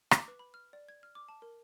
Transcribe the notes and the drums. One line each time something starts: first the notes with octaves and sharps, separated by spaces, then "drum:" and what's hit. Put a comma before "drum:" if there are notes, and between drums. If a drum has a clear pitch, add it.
D6, drum: rim click
B4
B5
F6
D5
G#6
F6
D6
A5
A#4